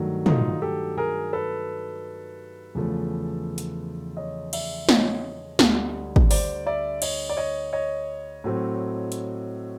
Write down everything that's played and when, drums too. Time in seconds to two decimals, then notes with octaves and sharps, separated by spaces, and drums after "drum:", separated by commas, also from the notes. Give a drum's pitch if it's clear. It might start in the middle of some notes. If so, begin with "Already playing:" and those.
Already playing: G2 D#3 F#3 A3
0.26 D#4 F4, drum: tom
0.62 G4 A4
0.97 G#4 A#4
1.33 A4 B4
2.75 E2 C#3 F3 A3
3.58 drum: hi-hat
4.17 C#5 D#5
4.53 D5 E5, drum: cymbal
4.89 C#5 D#5, drum: snare
5.59 D2 D3 G3, drum: snare
6.16 drum: kick
6.31 C5 D5, drum: open hi-hat
6.66 D5 E5
7.02 C#5 D#5, drum: cymbal
7.30 D5
7.37 C#5 D#5
7.73 C#5 D#5
8.44 A2 F#3 A3 C4
9.12 drum: hi-hat